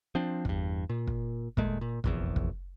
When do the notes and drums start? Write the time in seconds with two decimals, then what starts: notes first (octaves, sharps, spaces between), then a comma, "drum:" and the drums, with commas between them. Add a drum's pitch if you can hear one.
0.15 F3 C4 D4
0.45 E2 G2, drum: kick
0.90 A#2
1.07 drum: kick
1.57 D#1 A#2 G#3 A3, drum: kick
1.81 A#2
2.04 F1 A#1 E2, drum: kick
2.36 drum: kick